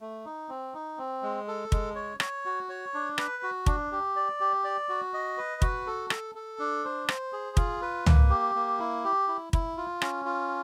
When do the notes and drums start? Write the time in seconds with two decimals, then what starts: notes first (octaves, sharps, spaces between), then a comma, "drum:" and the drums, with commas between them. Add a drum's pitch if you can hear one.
0.01 A3
0.25 D#4
0.49 C4
0.74 D#4
0.98 C4
1.23 G#3
1.48 A4
1.72 G#3, drum: kick
1.95 C#5
2.20 C#5, drum: rim click
2.45 F#4
2.69 C#5
2.94 D4
3.18 B4, drum: rim click
3.43 F#4
3.66 D4, drum: kick
3.92 G4
4.16 D5
4.40 G4
4.64 D5
4.89 F#4
5.14 D#5
5.37 B4
5.62 F#4, drum: kick
5.87 A4
6.10 A4, drum: rim click
6.35 A4
6.59 D4
6.85 C5
7.09 C5, drum: rim click
7.33 G#4
7.57 F4, drum: kick
7.82 B4
8.06 A#3, drum: tom C#2
8.30 G4
8.55 A#3
8.79 E4
9.04 G4
9.28 E4
9.53 E4, drum: kick
9.77 F4
10.02 C#4, drum: rim click
10.25 F4